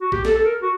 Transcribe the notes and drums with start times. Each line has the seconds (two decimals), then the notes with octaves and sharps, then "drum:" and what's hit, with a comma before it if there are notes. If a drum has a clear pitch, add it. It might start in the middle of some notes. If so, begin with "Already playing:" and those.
0.01 F#4
0.12 G4, drum: kick A#1
0.25 A4, drum: snare
0.35 A4
0.45 A#4
0.62 F#4